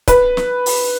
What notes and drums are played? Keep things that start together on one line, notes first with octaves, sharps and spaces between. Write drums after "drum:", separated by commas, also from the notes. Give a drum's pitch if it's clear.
B4, drum: kick, hi-hat
drum: snare
drum: open hi-hat